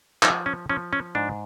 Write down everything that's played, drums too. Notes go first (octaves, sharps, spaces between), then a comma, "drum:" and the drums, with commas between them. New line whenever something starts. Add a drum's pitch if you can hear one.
F3 D#4, drum: clap
C#4
F3 C#4
C#4
G#2 D4